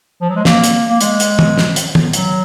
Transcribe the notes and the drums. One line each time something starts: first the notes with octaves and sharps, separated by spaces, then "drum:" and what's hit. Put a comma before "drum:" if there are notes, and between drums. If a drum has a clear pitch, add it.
F3
F#3
G#3
A#3, drum: snare
drum: hi-hat
A#3
G#3, drum: hi-hat
drum: hi-hat
drum: tom
drum: snare
drum: hi-hat
drum: tom
F#3, drum: hi-hat